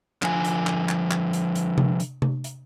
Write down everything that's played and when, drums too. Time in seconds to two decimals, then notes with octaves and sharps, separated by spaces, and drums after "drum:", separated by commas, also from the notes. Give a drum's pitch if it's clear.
0.22 D3 F3 G#5, drum: clap
0.45 drum: hi-hat
0.67 drum: clap
0.89 drum: clap
1.11 drum: clap
1.33 drum: hi-hat
1.55 drum: hi-hat
1.78 drum: tom C3
2.00 drum: hi-hat
2.22 drum: tom C3
2.44 drum: hi-hat